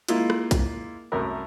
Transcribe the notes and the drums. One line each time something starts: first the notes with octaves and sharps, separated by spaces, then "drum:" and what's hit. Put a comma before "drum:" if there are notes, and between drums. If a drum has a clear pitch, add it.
G#3 A#3 E4 F4, drum: hi-hat
drum: rim click
drum: kick B1, hi-hat
C2 F#2 A3 A4 A#4 B5